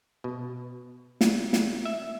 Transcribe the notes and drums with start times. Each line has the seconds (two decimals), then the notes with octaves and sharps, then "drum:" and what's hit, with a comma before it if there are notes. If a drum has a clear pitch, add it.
0.24 B2
1.21 drum: snare
1.53 drum: snare
1.85 E5